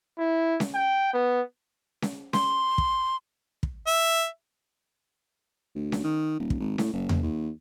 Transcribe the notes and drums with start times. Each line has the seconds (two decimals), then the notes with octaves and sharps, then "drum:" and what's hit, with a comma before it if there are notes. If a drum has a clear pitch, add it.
0.19 E4
0.60 drum: snare C#4
0.74 G5
1.13 B3
2.02 drum: snare C#4
2.33 C6, drum: snare C#4
2.78 drum: kick
3.63 drum: kick
3.87 E5
5.75 D2
5.92 drum: snare C#4
6.04 D#3
6.39 D#1
6.50 drum: kick
6.60 G#1
6.78 A2, drum: snare C#4
6.93 F#1
7.09 drum: tom E2
7.23 D#2